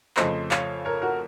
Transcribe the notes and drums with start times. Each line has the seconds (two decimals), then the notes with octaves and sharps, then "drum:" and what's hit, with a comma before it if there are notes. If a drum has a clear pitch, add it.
0.17 F2 C#3 F3 A3 C5 D#5, drum: clap
0.51 C#5 F5, drum: clap
0.85 A#4 C#5
1.02 F#4 A#4